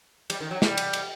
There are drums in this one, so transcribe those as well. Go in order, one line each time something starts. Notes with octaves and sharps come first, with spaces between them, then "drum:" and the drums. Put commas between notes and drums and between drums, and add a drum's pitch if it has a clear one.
G3, drum: cymbal
D#3
F#3
G3, drum: snare
drum: cymbal
drum: cymbal